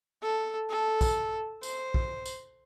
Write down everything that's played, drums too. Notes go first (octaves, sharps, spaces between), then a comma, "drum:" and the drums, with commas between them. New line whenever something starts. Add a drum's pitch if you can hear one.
A4
A4
drum: kick B1, tambourine
C5, drum: tambourine
drum: kick B1
drum: tambourine